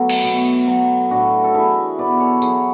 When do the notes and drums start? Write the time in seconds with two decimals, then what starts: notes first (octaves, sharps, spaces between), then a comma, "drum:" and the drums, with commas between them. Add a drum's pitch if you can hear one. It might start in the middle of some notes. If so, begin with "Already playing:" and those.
Already playing: F#3 A3 B3
0.09 drum: cymbal
0.23 B2
0.67 F#3
1.11 A2 D4 F#4
1.44 A4
1.54 E3 E4 G#4
1.98 B2 B4 D5
2.20 A4 C#5
2.42 F#3 E4 G#4, drum: tambourine